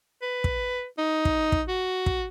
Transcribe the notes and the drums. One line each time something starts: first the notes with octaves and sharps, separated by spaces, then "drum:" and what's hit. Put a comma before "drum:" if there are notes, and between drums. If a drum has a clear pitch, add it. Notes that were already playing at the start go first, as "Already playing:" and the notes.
B4
drum: kick
D#4
drum: kick
drum: kick
F#4
drum: kick